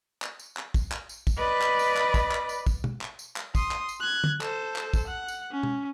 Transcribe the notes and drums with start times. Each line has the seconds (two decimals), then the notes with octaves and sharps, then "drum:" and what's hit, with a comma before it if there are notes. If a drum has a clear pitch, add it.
0.22 drum: clap
0.40 drum: tambourine
0.57 drum: clap
0.74 drum: kick, tambourine
0.92 drum: clap
1.09 drum: tambourine
1.27 drum: kick, tambourine
1.37 B4 D5 D#5 B5
1.62 drum: clap
1.79 drum: tambourine
1.97 drum: clap
2.14 drum: kick, tambourine
2.32 drum: clap
2.49 drum: tambourine
2.67 drum: kick, tambourine
2.84 drum: tom
3.01 drum: clap
3.19 drum: tambourine
3.36 drum: clap
3.55 C6 D#6, drum: kick, tambourine
3.71 drum: clap
3.89 drum: tambourine
4.00 F#6 G#6
4.24 drum: tom
4.41 A4 C5, drum: clap
4.76 drum: clap
4.94 drum: kick, tambourine
5.07 F#5
5.28 drum: tambourine
5.51 C#4
5.63 drum: tom B2